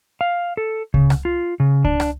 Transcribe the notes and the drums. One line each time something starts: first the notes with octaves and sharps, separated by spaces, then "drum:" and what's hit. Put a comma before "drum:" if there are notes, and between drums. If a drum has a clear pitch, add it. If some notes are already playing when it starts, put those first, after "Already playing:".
F5
A4
C#3, drum: kick C#2
drum: rim click
F4
C#3
D4, drum: kick C#2
drum: rim click